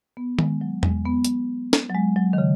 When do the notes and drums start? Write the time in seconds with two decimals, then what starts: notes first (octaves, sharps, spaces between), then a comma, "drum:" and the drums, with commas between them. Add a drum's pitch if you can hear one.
0.17 B3
0.39 G#3, drum: tom D#3
0.61 F#3
0.83 G#3, drum: tom E2
1.05 B3
1.24 drum: hi-hat
1.73 drum: snare
1.90 F#3
1.94 G#3
2.16 F#3
2.33 D#3
2.38 C#3